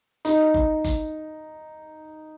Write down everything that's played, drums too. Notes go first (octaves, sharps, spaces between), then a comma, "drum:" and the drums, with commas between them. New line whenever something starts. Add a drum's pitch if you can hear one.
D#4, drum: hi-hat
drum: kick F#1
drum: kick F#1, hi-hat